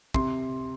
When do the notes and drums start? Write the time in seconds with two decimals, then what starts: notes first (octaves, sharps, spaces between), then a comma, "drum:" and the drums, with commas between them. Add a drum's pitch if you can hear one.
0.14 C3 C6, drum: kick